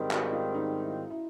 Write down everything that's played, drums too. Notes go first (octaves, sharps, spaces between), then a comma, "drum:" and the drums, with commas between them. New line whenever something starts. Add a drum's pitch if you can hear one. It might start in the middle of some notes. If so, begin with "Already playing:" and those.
Already playing: G#2 D#3 G3 C4 D#4
F#4, drum: clap
F4
D#4
E4
E4